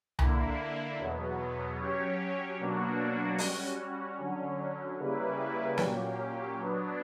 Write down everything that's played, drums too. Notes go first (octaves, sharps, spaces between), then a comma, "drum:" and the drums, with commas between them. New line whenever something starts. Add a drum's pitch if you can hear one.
D3 A#3 E4, drum: tom C2
E2 B2 F#3 B3
F#3 C#4 G4 C#5
B2 F#3 A#3 D4 F#4
G3 C#4 F#4, drum: open hi-hat
D3 F#3 C#4
C#3 G3 A#3 E4 B4
A#2 F#3 A#3 C#4 G4, drum: snare
F#3 B3 D4